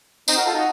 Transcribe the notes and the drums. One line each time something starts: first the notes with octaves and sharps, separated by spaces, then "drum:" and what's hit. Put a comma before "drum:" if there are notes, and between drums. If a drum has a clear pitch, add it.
C4 D#4, drum: tambourine
F#4 A#4
F4 A4
D#4 F#4